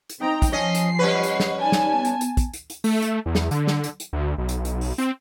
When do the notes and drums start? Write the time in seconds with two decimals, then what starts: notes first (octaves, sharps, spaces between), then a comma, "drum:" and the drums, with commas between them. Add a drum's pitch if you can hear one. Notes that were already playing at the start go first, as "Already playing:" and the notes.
0.10 drum: hi-hat
0.20 C4 D#4 D#5 G5 A#5 D#6
0.42 drum: kick, hi-hat
0.52 F3 C#4 D#5 G#5 A5 C7
0.75 drum: hi-hat
0.99 G3 C#4 B4 D#5 F#5 C#6
1.23 drum: hi-hat
1.40 drum: snare
1.59 D#4 D5 G#5 A5
1.72 drum: snare
1.93 B3
2.05 drum: hi-hat
2.21 drum: hi-hat
2.37 drum: kick, hi-hat
2.53 drum: hi-hat
2.70 drum: hi-hat
2.84 A3, drum: open hi-hat
3.02 drum: hi-hat
3.26 E2
3.35 drum: snare
3.51 D3, drum: hi-hat
3.67 drum: snare
3.84 drum: hi-hat
4.00 drum: hi-hat
4.13 D2
4.38 B1
4.49 drum: hi-hat
4.65 drum: hi-hat
4.81 drum: open hi-hat
4.98 C4, drum: hi-hat